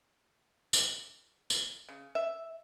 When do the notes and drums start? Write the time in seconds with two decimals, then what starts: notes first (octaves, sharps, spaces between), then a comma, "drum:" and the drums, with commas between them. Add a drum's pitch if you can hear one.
0.73 drum: tambourine
1.50 drum: tambourine
1.89 C#3
2.15 E5